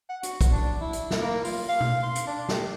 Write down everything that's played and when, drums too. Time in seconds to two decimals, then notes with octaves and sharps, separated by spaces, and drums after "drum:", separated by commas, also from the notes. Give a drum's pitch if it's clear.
0.09 F#5
0.23 F#4, drum: hi-hat
0.41 drum: kick, hi-hat
0.52 D4
0.81 E4
0.93 drum: hi-hat
1.11 drum: snare
1.22 A#3
1.44 F4, drum: open hi-hat
1.69 F5
1.81 drum: tom B2
2.03 C6
2.15 drum: hi-hat
2.27 D4
2.49 G4, drum: snare